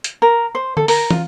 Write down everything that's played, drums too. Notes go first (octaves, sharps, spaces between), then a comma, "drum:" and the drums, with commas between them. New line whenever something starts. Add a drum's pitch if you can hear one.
drum: hi-hat
A#4
C5
A4, drum: tom
A#4, drum: open hi-hat
F4, drum: tom